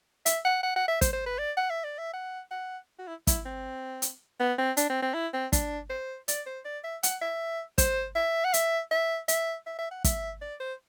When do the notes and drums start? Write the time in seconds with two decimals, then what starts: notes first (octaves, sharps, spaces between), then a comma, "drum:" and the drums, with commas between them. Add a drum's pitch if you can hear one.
0.26 E5, drum: hi-hat
0.45 F#5
0.63 F#5
0.76 F#5
0.88 E5
1.02 C5, drum: kick, hi-hat
1.13 C5
1.26 B4
1.38 D5
1.57 F#5
1.70 E5
1.84 D5
1.98 E5
2.14 F#5
2.51 F#5
2.99 F#4
3.08 E4
3.27 E4, drum: kick, hi-hat
3.46 C4
4.02 drum: hi-hat
4.40 B3
4.58 C4
4.77 D4, drum: hi-hat
4.90 C4
5.02 C4
5.14 E4
5.34 C4
5.53 D4, drum: kick, hi-hat
5.90 C5
6.28 D5, drum: hi-hat
6.47 C5
6.65 D5
6.84 E5
7.03 F#5, drum: hi-hat
7.22 E5
7.78 C5, drum: kick, hi-hat
8.16 E5
8.45 F#5
8.54 E5, drum: hi-hat
8.91 E5
9.28 E5, drum: hi-hat
9.66 E5
9.79 E5
9.91 F#5
10.04 E5, drum: kick, hi-hat
10.42 D5
10.60 C5